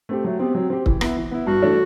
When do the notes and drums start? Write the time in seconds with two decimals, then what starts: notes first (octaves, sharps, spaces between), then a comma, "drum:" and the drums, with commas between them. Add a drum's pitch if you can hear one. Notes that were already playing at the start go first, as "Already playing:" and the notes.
0.09 A3 C4 G4
0.24 F#3 A3
0.39 B3 C4 G4
0.55 F#3 C4
0.70 C4 G4
0.86 E3, drum: kick C#1
1.01 B3 E4, drum: rim click
1.16 E3
1.31 B3 E4
1.47 G2 F#4
1.62 E3 A3 D4 A4